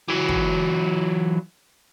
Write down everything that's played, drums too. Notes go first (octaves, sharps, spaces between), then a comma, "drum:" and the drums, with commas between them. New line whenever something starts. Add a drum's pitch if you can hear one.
E3 F#3
drum: kick